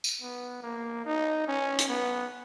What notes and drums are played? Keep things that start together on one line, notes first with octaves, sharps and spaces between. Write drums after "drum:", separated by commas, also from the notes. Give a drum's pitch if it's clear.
drum: tambourine
B3
A#3
D#4
C#4
drum: hi-hat
B3